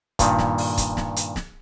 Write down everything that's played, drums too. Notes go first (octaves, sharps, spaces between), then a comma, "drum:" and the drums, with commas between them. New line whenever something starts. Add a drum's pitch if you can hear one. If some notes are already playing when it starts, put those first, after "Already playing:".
G2 A#2 D#3, drum: kick, hi-hat
drum: snare
drum: open hi-hat
drum: kick, hi-hat
drum: snare
drum: hi-hat
drum: snare